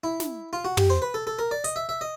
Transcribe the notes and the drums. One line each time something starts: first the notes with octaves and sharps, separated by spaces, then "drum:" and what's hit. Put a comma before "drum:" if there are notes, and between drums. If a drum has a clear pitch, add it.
E4
drum: snare
F4
F#4
G4, drum: tom
C5
B4
A4
A4
A#4
D5
D#5, drum: hi-hat
E5
E5
D#5